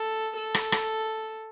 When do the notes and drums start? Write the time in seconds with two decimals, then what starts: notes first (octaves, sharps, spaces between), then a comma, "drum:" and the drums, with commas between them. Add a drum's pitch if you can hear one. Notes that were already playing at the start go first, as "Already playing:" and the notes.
Already playing: A4
0.37 A4
0.54 drum: rim click
0.72 drum: rim click